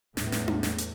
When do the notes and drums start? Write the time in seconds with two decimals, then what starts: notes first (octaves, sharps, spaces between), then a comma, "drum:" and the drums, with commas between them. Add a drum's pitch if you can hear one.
0.17 E2 A2, drum: snare
0.32 drum: snare
0.48 drum: tom D4
0.63 drum: snare
0.78 drum: hi-hat